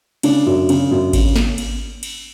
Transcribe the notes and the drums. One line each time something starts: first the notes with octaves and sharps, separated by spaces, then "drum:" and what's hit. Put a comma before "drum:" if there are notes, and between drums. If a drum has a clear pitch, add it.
C#3 D4, drum: cymbal
F#2
C#3, drum: cymbal
F#2
C#3, drum: kick G#1, cymbal
drum: snare
drum: cymbal
drum: cymbal